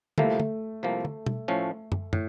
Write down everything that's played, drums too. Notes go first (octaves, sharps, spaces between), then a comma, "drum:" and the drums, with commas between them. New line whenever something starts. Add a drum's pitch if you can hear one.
C2 C3 F3 A3 A#3, drum: tom
drum: tom
C2 C3 F3 A#3
drum: tom
drum: tom B2
A2 F3 A3 C#4
drum: tom
A2, drum: tom